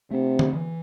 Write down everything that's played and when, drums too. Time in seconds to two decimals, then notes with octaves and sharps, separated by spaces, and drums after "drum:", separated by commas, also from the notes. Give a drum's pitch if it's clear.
0.11 C3 A3 C4
0.39 drum: tom D3
0.54 E3